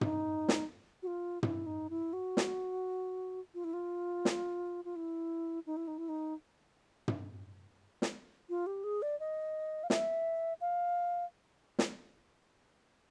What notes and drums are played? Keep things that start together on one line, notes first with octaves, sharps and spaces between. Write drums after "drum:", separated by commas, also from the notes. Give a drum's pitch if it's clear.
D#4, drum: tom
drum: snare
F#4
F4
E4, drum: tom
D#4
E4
F#4
drum: snare
F4
E4
F4
drum: snare
F4
E4
D#4
E4
D#4
E4
D#4
drum: tom
drum: snare
F4
G4
G#4
D5
D#5
F5
E5, drum: snare
F5
drum: snare